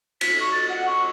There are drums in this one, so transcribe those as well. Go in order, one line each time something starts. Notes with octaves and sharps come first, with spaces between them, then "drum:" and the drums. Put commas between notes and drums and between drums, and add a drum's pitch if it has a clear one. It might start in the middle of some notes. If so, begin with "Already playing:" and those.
B6, drum: cymbal
C#6
A6
F#5
C#6